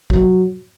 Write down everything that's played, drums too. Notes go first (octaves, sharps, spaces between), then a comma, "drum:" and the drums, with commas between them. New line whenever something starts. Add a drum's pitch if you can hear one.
F#3, drum: kick